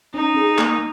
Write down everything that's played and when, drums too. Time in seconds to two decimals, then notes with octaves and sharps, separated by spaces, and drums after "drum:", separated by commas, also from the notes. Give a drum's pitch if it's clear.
0.14 C#4 D#4
0.36 G#4
0.58 A#3, drum: clap